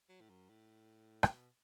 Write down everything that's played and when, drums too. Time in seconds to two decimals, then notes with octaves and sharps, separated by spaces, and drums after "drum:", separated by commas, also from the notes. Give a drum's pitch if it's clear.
0.09 F#3
0.21 A2
0.29 F#2
0.49 A2
1.23 C#3, drum: rim click
1.32 B2